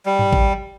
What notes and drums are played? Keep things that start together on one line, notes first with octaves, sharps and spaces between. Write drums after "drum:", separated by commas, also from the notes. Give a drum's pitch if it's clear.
G3
drum: tom G2
drum: kick A1